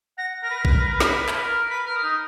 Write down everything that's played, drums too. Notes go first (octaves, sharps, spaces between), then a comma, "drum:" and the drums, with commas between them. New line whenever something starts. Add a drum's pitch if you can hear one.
F#5 A#6
A#4 A#6
B4
A#4
B4, drum: kick A#1
A#4
B4
A#4
B4
A#4, drum: snare
B4
A#4
B4
A#4, drum: clap
B4
A#4
B4 B6
A#4 F6
D#6
D#4